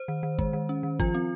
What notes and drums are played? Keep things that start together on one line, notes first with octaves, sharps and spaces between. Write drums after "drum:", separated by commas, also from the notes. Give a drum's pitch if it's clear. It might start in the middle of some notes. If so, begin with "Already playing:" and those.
Already playing: C5
D#3
D#3
G#3, drum: kick G#1
D#3
C#4
D#3
F3 F4, drum: kick G#1
C4